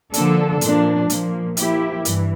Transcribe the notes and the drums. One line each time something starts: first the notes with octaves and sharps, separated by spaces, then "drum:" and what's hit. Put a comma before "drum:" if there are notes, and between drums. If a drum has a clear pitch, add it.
D3 F3 A#3 D4 A4, drum: hi-hat
A#2 F3 A#3 D4, drum: hi-hat
A#2 F3 A#3, drum: hi-hat
F3 A#3 E4 G4, drum: hi-hat
G2 E3, drum: hi-hat